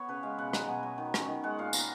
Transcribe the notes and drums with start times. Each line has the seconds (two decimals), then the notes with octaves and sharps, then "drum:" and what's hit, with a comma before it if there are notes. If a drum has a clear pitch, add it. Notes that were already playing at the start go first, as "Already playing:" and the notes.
Already playing: B3 C#5
0.09 C#3 B4
0.23 G#3 F5
0.38 B2 F#5
0.53 B3 A#5, drum: rim click
0.68 B2 G#5
0.83 F#3
0.98 D#3
1.14 C#4, drum: rim click
1.28 D#3
1.43 G#3 F#5
1.58 A#2 F5
1.73 B3 A#5, drum: tambourine